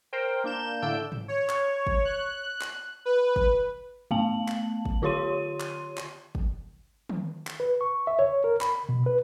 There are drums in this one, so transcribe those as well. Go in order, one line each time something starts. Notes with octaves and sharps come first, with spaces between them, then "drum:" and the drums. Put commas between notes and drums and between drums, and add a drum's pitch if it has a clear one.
A#4 C5 G5
A#3 D4 G6 E7
A2 D3 D4 E6 G6 D7
drum: tom G#2
C#5
drum: clap
drum: kick
F#6
drum: clap
B4
drum: kick
A3 B3 F5 A5 F#7, drum: tom G2
drum: clap
drum: kick
D3 F4 G4 C#5 C6 D#7
drum: clap
drum: clap
drum: kick
drum: tom D#3
drum: clap
B4
C#6
E5
C#5
A#4
B5, drum: clap
B2
B4